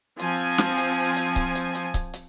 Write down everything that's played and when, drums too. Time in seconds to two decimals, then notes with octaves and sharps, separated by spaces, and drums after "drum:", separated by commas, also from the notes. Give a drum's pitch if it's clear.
0.19 F3 C4 G#5, drum: hi-hat
0.58 drum: snare
0.78 drum: hi-hat
1.16 drum: hi-hat
1.36 drum: kick C#1, hi-hat
1.55 drum: hi-hat
1.75 drum: hi-hat
1.94 drum: kick C#1, hi-hat
2.14 drum: hi-hat